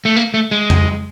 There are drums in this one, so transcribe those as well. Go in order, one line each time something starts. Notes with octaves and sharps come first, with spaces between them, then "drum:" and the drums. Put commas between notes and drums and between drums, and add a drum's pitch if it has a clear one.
A3
A#3
A3
G#3
drum: tom F2